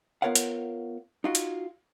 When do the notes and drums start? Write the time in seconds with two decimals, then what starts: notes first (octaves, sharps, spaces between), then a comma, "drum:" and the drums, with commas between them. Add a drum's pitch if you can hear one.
0.22 B3 F4 A#4 C#5 F5 F#5
0.35 drum: hi-hat
1.24 D#4 F4 F#4
1.35 drum: hi-hat